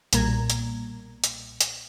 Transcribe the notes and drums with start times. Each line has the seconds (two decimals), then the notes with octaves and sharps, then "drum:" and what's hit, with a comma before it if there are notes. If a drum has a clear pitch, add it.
0.13 B1 A#2 G3 A#3 A#5 G#6, drum: hi-hat
0.50 drum: hi-hat
1.24 drum: hi-hat
1.61 drum: hi-hat